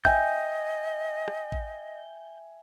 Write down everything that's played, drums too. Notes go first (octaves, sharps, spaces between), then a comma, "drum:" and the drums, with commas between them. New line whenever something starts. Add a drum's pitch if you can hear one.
D#5 E5 G5 G#5 G6, drum: kick A1
drum: rim click
drum: kick A1